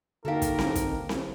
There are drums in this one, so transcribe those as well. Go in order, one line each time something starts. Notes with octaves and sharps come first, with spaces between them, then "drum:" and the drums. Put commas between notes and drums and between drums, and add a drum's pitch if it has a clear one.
D3 A#3 D#4 F#4 G4 A4 A#4 F5
drum: kick, hi-hat
drum: snare C4
drum: kick, hi-hat
drum: snare C4